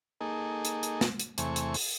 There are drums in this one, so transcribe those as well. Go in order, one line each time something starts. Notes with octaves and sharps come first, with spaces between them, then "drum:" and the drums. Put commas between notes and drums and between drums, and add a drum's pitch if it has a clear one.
A#3 D#4 G#4 A4
drum: hi-hat
drum: hi-hat
drum: snare
drum: hi-hat
E2 C3 A3 G#5 C#6, drum: hi-hat
drum: hi-hat
drum: open hi-hat